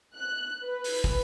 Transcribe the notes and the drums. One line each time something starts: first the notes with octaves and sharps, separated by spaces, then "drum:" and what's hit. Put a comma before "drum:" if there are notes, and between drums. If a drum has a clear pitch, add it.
F#6
B4
drum: open hi-hat
drum: kick